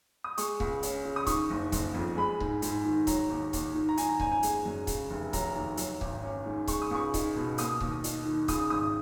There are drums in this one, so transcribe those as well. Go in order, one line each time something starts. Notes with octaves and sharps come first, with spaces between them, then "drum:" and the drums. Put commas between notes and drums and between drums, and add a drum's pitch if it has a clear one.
D#6
G#3 C#6, drum: hi-hat
C#2, drum: kick C#1
C#4, drum: hi-hat
C#3
D#6
D#3 C#6, drum: kick C#1, hi-hat
F#1
F#1, drum: kick C#1, hi-hat
F2
G#3 B5
G#2, drum: kick C#1
G#2, drum: hi-hat
D#3
F#3 A#5, drum: kick C#1, hi-hat
D#2
D#2, drum: kick C#1, hi-hat
D#3
A#5
D#3 G#5, drum: hi-hat
A#5
F#1 G#5, drum: kick C#1
G#5
G#3, drum: hi-hat
F#2
C#3, drum: kick C#1, hi-hat
F1
F#3 A#5, drum: kick C#1, hi-hat
D#2
F#3, drum: hi-hat
G#1, drum: kick C#1
C#4
G#2
G#3 C#6, drum: kick C#1, hi-hat
D#6
C#2 C#6
D#4, drum: kick C#1, hi-hat
B2
A#3 D#6, drum: hi-hat
D#2, drum: kick C#1
D#4, drum: hi-hat
D#3
C#3 D#6, drum: kick C#1, hi-hat
G#1 D#6